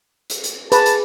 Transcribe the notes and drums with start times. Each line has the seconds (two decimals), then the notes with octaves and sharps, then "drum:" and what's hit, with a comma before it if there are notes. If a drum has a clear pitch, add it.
0.30 drum: hi-hat
0.44 drum: hi-hat
0.72 G#4 B4 A5, drum: hi-hat
0.86 drum: hi-hat